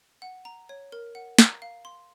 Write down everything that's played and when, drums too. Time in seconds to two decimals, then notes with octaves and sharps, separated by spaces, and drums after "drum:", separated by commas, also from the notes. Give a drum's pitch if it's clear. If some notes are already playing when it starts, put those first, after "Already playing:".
0.22 F#5
0.45 A#5
0.69 C#5
0.92 A#4
1.15 F#5
1.39 A#5, drum: snare
1.62 F5
1.85 C6